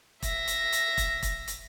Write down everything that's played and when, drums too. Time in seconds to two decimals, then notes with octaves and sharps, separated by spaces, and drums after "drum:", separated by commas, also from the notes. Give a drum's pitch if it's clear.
0.22 E5 A#6, drum: kick, hi-hat
0.47 drum: hi-hat
0.73 drum: hi-hat
0.98 drum: kick, hi-hat
1.23 drum: kick, hi-hat
1.48 drum: hi-hat